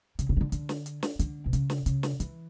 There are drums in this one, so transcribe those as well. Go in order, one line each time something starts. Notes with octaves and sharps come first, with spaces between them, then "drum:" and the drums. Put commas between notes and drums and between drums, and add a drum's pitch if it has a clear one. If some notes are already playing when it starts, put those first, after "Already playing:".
C#3, drum: hi-hat
C#3
E3
D3
D3, drum: hi-hat
drum: snare
drum: hi-hat
drum: snare
D3, drum: hi-hat
B2
C#3, drum: hi-hat
drum: snare
C#3, drum: hi-hat
drum: snare
E3, drum: hi-hat